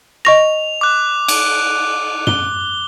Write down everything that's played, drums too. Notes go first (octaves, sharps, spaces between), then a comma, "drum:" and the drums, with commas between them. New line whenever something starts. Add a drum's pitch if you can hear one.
D#5 C#6 A#6 F7
D6 F#6
drum: cymbal
G7, drum: tom